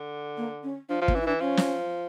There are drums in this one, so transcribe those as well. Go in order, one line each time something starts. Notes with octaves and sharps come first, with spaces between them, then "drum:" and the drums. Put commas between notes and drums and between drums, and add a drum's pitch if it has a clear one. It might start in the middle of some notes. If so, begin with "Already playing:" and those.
Already playing: D3
A#3
C#4
F3 D4
F3
A#3, drum: kick
E3 C#4
E4
E3 D4
F3 C#4
drum: snare